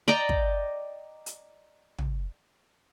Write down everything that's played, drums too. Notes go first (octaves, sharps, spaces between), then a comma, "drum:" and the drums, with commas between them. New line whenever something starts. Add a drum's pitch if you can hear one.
D5 D#5 G5 A#5
drum: kick
drum: hi-hat
drum: tom